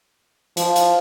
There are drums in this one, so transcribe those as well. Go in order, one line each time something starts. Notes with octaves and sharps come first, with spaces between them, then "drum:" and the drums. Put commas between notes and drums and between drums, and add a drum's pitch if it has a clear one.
F3, drum: hi-hat
drum: hi-hat